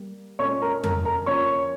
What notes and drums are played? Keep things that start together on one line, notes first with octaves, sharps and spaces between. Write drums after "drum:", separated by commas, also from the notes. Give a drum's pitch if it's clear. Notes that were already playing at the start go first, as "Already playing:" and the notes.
Already playing: G3 A#3
A#2 G#3 C#4 C#5 C#6
A#4 A#5
A#4 A#5, drum: tom F2
A#4 A#5
F3 A#3 C#4 C#5 C#6